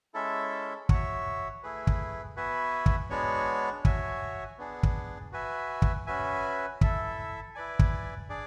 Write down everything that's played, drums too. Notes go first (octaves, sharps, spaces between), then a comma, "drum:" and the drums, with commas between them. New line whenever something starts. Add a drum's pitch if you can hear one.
G#3 C#4 E4 A4 E5
F#4 C#5 E5, drum: kick
A3 E4 G#4 B4
drum: kick
B3 F#4 B4 E5 G#5
drum: kick
G#3 B3 D4 F#4 C#5
F#4 C#5 E5 G#5, drum: kick
B3 D4 G#4
drum: kick
F#4 B4 E5 G#5
drum: kick
C#4 F#4 B4 E5 G#5
E4 A4 E5, drum: kick
E4 B4 D5 G#5
drum: kick
D4 G#4 D5